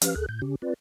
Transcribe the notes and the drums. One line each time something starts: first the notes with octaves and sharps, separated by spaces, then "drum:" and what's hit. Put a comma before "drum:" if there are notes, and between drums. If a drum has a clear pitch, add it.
F3 C#4 G4 B4 F5 F6, drum: hi-hat
D2 G#4 A4 F#6
A2 G6
C#3 C#4 G4
C4 F4 B4 D5